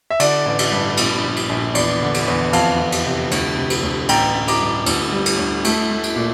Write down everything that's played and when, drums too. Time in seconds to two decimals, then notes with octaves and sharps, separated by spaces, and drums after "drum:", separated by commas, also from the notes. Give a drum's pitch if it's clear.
0.10 E5
0.20 D3 D5, drum: cymbal
0.46 A1
0.59 drum: cymbal
0.72 G2
0.97 A#1, drum: cymbal
1.24 A#1
1.36 drum: cymbal
1.50 A#1
1.75 E2 D5, drum: cymbal
2.02 D3
2.14 drum: cymbal
2.27 E2
2.53 F2 F5 A5, drum: cymbal
2.80 F2
2.92 drum: cymbal
3.06 C3
3.31 D2, drum: cymbal
3.57 C3
3.70 drum: cymbal
3.83 D2
4.09 A1 G5 A#5, drum: cymbal
4.35 A1
4.48 A#5 D6, drum: cymbal
4.60 G2
4.86 D2, drum: cymbal
5.12 G3
5.26 drum: cymbal
5.38 D2
5.64 A3, drum: cymbal
5.91 A3
6.03 drum: cymbal
6.16 A#2